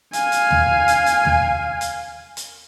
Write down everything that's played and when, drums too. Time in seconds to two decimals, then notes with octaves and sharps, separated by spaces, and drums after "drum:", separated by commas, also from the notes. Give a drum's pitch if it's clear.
0.13 F5 G#5, drum: hi-hat
0.32 drum: hi-hat
0.51 drum: tom
0.88 drum: hi-hat
1.06 drum: hi-hat
1.25 drum: tom
1.81 drum: hi-hat
2.37 drum: hi-hat